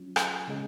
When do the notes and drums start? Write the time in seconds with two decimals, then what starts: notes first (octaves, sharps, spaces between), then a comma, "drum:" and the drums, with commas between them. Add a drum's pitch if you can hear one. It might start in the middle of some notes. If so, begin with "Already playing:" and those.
Already playing: F#3 C#4 F4
0.16 drum: rim click
0.48 C#3 G#3 C#4 G#4 D#5